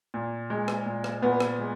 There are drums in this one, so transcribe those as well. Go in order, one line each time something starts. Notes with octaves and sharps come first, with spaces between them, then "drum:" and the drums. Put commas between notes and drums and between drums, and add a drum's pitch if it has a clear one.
A#2
G#3
drum: rim click
A#2
drum: rim click
A#2 B3
drum: rim click
G#3